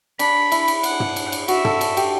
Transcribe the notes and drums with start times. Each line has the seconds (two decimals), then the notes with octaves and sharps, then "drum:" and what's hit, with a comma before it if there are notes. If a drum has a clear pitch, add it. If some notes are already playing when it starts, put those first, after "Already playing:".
0.19 D4 B5, drum: cymbal
0.52 E4, drum: cymbal
0.68 drum: cymbal
0.83 F#5, drum: cymbal
1.00 drum: tom
1.16 drum: cymbal
1.32 drum: cymbal
1.48 F#4 E5, drum: cymbal
1.65 A4, drum: tom
1.81 A4, drum: cymbal
1.97 G4, drum: cymbal